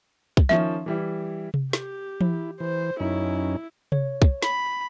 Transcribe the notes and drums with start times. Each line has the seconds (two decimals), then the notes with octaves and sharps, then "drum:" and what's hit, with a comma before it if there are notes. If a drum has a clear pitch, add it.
0.37 drum: kick
0.49 D#3 F3 C#4 E5
0.86 E3 G3 E4
1.54 drum: tom C3
1.73 G4, drum: snare
2.21 E4, drum: tom E3
2.60 E3 C5
3.00 F#2 C#4 D#4 E4
3.92 C#5, drum: tom C3
4.22 drum: kick
4.42 B5, drum: snare